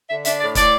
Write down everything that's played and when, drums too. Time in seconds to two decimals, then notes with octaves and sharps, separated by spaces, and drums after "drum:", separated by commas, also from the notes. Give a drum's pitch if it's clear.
0.09 D3 E5
0.25 D4 E5, drum: hi-hat
0.40 A2 D5
0.55 A2 D5, drum: kick, hi-hat